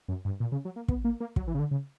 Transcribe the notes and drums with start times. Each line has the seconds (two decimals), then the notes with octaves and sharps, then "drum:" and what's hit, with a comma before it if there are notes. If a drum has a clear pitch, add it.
0.08 F#2
0.25 G2
0.40 A#2
0.52 C#3
0.65 F#3
0.76 A#3
0.88 B3, drum: kick
1.05 A#3
1.20 A#3
1.36 F#3, drum: kick
1.47 E3
1.55 C#3
1.59 D3
1.71 C#3